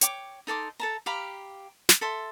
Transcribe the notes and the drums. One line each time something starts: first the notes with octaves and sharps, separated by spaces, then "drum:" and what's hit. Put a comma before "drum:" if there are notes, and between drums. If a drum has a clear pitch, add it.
C#5 G5 D6, drum: hi-hat
D#4 A4 C6 D6
A4 A5 A#5
G4 F5 A#5 B5
drum: snare
A4 E5 C6